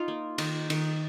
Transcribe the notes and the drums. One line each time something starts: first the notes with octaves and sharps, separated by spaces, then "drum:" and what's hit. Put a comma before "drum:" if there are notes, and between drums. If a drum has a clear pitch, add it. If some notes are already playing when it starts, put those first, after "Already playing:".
Already playing: D#4 F4
A#3
D#3, drum: cymbal
D#3, drum: cymbal